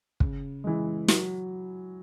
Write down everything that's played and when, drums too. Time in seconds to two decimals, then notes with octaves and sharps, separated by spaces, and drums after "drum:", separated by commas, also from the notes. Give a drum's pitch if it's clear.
0.20 C#3, drum: kick
0.64 E3 G#3
1.09 F#3, drum: snare